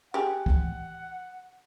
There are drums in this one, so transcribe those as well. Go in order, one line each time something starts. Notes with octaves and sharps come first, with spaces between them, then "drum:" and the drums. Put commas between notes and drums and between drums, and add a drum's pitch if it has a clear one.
G4 G#4 F#5
drum: kick